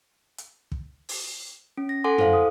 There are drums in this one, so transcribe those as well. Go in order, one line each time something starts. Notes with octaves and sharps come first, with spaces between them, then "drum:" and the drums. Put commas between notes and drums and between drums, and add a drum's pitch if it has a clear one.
drum: hi-hat
drum: kick
drum: open hi-hat
C#4
A#6
A4 F#5 G#5 C6 D6
E4 A4 C5 F5, drum: tom
D#6